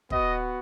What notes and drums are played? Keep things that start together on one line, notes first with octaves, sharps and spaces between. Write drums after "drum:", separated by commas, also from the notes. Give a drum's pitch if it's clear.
B3 F#4 D#5, drum: kick